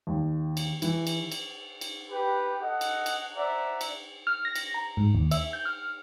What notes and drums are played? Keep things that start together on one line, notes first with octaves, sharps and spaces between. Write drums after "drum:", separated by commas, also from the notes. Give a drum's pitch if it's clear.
D#2
drum: cymbal
E3, drum: cymbal
drum: cymbal
drum: cymbal
drum: cymbal
G4 B4
A4 D#5 F#5
drum: cymbal
drum: cymbal
C5 D5 E5 F#5 A#5
drum: cymbal
F6
A#6
drum: cymbal
A#5
G#2
D#2
E5, drum: cymbal
G6
F6